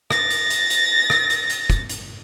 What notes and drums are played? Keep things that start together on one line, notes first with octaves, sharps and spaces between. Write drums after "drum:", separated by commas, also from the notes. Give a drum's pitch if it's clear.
A6 A#6, drum: rim click
drum: hi-hat
drum: hi-hat
drum: hi-hat
drum: rim click
drum: hi-hat
drum: hi-hat
drum: kick, hi-hat
drum: hi-hat